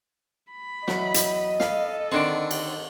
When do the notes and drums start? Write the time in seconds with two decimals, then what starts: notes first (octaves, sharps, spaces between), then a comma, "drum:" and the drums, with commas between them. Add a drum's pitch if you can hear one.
0.52 B5
0.88 E2 F#3 D#5, drum: snare
1.14 drum: hi-hat
1.60 A4 F5 B5, drum: snare
2.12 D3 D#3 C4 D4 D5 C#6
2.51 drum: cymbal